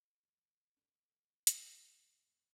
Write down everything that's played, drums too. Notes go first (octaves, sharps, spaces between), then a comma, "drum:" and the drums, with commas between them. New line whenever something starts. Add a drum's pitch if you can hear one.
D2 E3 F3 G3
B1 A2 G3 A3 C4 D4
drum: hi-hat
E2 G#2 D3